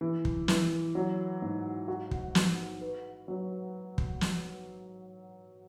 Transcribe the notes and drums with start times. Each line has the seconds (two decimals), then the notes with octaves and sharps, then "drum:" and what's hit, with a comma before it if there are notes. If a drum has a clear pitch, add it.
0.01 E3
0.25 drum: kick
0.48 E3, drum: snare
0.95 F#3
1.42 G#2
1.88 F#4
2.11 drum: kick
2.35 F#4, drum: snare
2.81 B4
3.28 F#3
3.98 drum: kick
4.21 drum: snare